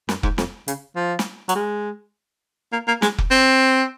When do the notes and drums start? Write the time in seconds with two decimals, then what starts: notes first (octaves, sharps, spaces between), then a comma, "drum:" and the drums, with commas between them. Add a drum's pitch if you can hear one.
0.09 F#2, drum: snare
0.23 G#2, drum: kick F1
0.38 F2, drum: snare
0.68 C#3, drum: hi-hat
0.96 F3
1.19 drum: snare
1.49 F#3, drum: hi-hat
1.55 G#3
2.73 A#3
2.88 A#3
3.02 G#3, drum: snare
3.18 drum: kick F1
3.31 C4